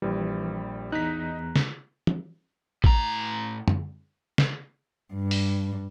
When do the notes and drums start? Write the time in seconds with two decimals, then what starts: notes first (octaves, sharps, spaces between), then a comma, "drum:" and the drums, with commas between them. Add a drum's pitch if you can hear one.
0.02 A#1 E3 G3
0.92 E2 D#4 A#5 F#6 B6
1.56 drum: snare C#3
2.07 drum: tom
2.84 A2 A#5, drum: kick
3.68 drum: tom F#2
4.38 drum: snare C#3
5.14 G2
5.31 drum: open hi-hat